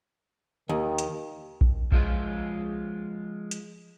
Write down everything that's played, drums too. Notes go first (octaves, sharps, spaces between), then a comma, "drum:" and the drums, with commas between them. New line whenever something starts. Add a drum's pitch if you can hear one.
D#2 D#3
drum: hi-hat
drum: kick A#1
F3 G#3 F4, drum: kick A#1
drum: hi-hat